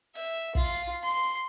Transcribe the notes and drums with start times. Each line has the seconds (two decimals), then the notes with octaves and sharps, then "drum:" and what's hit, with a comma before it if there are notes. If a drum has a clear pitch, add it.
0.15 E5, drum: open hi-hat
0.55 F4, drum: kick
1.03 C6